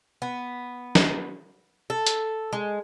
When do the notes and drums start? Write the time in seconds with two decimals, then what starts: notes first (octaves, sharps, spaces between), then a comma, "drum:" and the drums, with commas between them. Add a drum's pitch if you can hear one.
0.22 B3
0.95 drum: snare
1.90 A4
2.07 drum: hi-hat
2.53 G#3